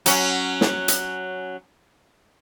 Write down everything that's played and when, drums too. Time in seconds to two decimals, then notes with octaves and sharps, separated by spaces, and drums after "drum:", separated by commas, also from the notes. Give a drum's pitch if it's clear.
0.06 F#3 C#4, drum: hi-hat
0.61 drum: snare
0.88 drum: hi-hat